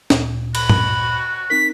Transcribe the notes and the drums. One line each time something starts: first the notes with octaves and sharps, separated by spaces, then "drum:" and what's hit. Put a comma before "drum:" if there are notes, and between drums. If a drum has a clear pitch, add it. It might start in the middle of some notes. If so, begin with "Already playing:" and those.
D2 A#2, drum: snare
F#4 B5, drum: cymbal
drum: tom G2
C4 D#4 A#4 B6